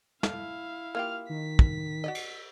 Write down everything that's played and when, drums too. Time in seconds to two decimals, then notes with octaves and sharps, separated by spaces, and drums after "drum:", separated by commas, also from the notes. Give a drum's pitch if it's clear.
0.23 A3 E4 F5, drum: snare
0.95 A#3 F4 G4 F6
1.29 D#3 B6
1.59 drum: kick
2.04 F#4 D5 D#5
2.15 drum: cymbal